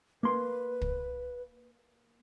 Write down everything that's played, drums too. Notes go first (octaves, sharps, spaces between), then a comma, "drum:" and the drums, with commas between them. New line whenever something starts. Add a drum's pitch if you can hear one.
A#3 B4 C6
drum: kick